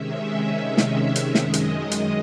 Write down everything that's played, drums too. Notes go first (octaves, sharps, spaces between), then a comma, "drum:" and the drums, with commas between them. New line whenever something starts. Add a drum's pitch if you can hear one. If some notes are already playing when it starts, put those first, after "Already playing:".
Already playing: C3 D#3 G#3 C#4 E5
drum: snare
drum: hi-hat
F#2 D#3 G#3 D#5, drum: snare
drum: hi-hat
drum: hi-hat